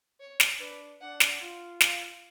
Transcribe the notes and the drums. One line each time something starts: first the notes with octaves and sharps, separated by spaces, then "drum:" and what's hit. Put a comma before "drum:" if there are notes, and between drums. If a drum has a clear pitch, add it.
C#5
drum: snare
D4 B4
D4 F#5
drum: snare
F4
F5, drum: snare